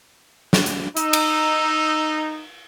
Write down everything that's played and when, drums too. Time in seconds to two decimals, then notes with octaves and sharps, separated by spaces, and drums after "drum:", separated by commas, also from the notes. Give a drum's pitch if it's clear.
0.53 drum: snare
0.66 drum: hi-hat
0.97 D#4 E6, drum: hi-hat
1.13 drum: cymbal